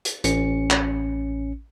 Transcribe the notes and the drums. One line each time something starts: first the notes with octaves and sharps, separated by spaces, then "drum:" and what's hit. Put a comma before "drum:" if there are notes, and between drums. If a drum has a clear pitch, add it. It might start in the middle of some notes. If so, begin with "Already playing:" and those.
drum: hi-hat
A1 C#4 C#7, drum: hi-hat
drum: clap